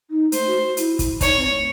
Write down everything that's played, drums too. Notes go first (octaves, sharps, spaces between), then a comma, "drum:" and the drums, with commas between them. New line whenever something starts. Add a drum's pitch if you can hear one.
D#4
A3 C5, drum: hi-hat
F#4
F#4
E4, drum: hi-hat
drum: kick, hi-hat
D#4 C#5, drum: kick, hi-hat
C4
A3